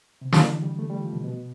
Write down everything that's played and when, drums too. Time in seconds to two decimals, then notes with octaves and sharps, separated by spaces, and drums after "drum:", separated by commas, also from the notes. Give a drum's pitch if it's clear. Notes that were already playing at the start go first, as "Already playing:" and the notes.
0.21 C3
0.33 D3, drum: snare
0.48 E3
0.63 G3
0.79 A3
0.90 G3
1.01 F3
1.13 B2
1.24 B2